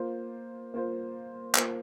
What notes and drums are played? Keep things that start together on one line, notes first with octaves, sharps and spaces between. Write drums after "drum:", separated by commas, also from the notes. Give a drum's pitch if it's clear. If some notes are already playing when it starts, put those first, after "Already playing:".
Already playing: A#3 F4 C5
A#3 F4 C5
A#3 F4 C5, drum: clap